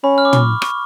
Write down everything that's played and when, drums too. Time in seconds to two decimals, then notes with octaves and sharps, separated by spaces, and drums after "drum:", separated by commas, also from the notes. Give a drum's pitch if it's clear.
0.04 C#4 B5
0.18 F6
0.25 D6
0.33 C#6, drum: tom
0.62 C#6, drum: rim click